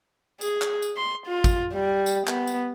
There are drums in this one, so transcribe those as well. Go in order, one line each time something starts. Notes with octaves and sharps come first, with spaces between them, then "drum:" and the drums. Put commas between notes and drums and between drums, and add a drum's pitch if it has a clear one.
G#4, drum: tambourine
drum: clap
drum: tambourine
C6
F4
drum: kick G#1, tambourine
G3
drum: tambourine
B3, drum: clap
drum: tambourine